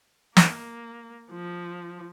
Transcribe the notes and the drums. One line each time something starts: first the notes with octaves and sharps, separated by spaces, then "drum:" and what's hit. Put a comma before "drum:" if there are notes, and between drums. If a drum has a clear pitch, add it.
A#3, drum: snare
F3